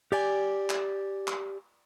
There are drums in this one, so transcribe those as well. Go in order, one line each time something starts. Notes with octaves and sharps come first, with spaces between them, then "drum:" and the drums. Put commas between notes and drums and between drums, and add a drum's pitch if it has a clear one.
G4 D5 G#5, drum: cymbal
drum: clap
drum: clap